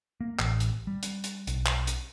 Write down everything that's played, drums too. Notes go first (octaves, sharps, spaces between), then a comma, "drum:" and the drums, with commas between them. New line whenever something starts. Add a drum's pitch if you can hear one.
A#3
A1, drum: clap
drum: hi-hat
G3
drum: hi-hat
drum: hi-hat
B1, drum: hi-hat
drum: clap
drum: hi-hat